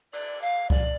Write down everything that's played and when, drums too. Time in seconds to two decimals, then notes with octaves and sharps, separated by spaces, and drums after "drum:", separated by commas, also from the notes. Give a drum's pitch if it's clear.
0.13 D5, drum: cymbal
0.42 F5
0.70 D5, drum: kick C2